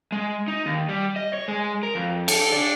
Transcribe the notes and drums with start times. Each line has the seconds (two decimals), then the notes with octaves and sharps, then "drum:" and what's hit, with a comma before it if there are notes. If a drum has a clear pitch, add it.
0.12 G#3
0.48 D#4
0.66 D#2
0.89 G3
1.16 D#5
1.33 C#5
1.48 G#3
1.83 A#4
1.95 F2
2.28 A4, drum: cymbal
2.52 D4